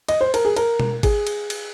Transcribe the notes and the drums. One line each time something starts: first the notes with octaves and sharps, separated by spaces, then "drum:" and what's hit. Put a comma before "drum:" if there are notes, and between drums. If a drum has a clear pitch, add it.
D#5, drum: cymbal
C5
A#4, drum: cymbal
G#4
A#4, drum: cymbal
drum: tom B2
G#4, drum: kick G#1, cymbal
drum: cymbal
drum: cymbal